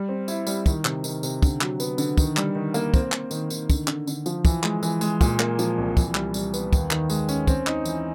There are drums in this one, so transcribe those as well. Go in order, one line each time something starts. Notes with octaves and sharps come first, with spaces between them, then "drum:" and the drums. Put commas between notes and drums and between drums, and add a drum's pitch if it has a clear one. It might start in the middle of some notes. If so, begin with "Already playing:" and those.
Already playing: G3
C4
E4, drum: tambourine
G3, drum: tambourine
D#3, drum: kick, tambourine
C3, drum: clap
D#3, drum: tambourine
C3, drum: tambourine
D3, drum: kick, tambourine
F#3, drum: clap
B3, drum: tambourine
D3, drum: tambourine
D#3, drum: kick, tambourine
G3, drum: clap
D#3
A#3, drum: tambourine
C4, drum: kick, tambourine
C4, drum: clap
D#3, drum: tambourine
D#3, drum: tambourine
D3, drum: kick, tambourine
D3, drum: clap
D3, drum: tambourine
F3, drum: tambourine
E3, drum: kick, tambourine
G#3, drum: clap
E3, drum: tambourine
G#3, drum: tambourine
A#2, drum: kick, tambourine
A#3, drum: clap
F3, drum: tambourine
C2
E3, drum: kick, tambourine
G3, drum: clap
G3, drum: tambourine
B3, drum: tambourine
D#2, drum: kick, tambourine
D#3, drum: clap
G#3, drum: tambourine
C#4, drum: tambourine
C4, drum: kick, tambourine
D#4, drum: clap
E3, drum: tambourine